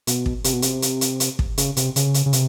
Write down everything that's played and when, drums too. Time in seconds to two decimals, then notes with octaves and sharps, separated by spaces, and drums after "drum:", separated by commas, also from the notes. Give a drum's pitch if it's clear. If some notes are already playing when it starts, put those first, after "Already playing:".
0.07 B2, drum: hi-hat
0.26 drum: kick
0.44 C3, drum: hi-hat
0.53 B2
0.62 C3, drum: hi-hat
0.82 drum: hi-hat
1.01 drum: hi-hat
1.20 drum: hi-hat
1.39 drum: kick
1.58 C#3, drum: hi-hat
1.77 C3, drum: hi-hat
1.96 C#3, drum: hi-hat
2.14 drum: hi-hat
2.26 C#3
2.33 C3, drum: hi-hat